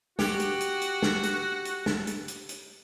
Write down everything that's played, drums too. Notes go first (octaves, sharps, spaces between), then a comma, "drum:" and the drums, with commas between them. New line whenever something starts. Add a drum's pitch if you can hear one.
F#4 G4, drum: snare
drum: hi-hat
drum: hi-hat
drum: hi-hat
drum: snare
drum: hi-hat
drum: hi-hat
drum: snare
drum: hi-hat
drum: hi-hat
drum: hi-hat